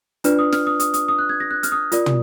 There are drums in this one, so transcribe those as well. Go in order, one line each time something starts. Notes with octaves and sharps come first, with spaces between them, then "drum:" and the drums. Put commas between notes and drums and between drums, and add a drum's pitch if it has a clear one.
D4 F4 B4 D5 F6, drum: hi-hat
D#6
F6, drum: snare
D#6
D#6, drum: hi-hat
D#6, drum: hi-hat
D#6
F#6
G#6
A#6
F#6
F6, drum: hi-hat
D#6
F4 A#4 D5, drum: hi-hat
drum: tom